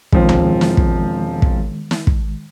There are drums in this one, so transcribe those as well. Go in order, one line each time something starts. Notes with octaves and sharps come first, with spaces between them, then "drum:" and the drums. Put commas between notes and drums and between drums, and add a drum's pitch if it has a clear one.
E1 D#3 F3 G#3 C4, drum: kick
drum: tom C#2
drum: snare
drum: kick
drum: kick
drum: snare
drum: kick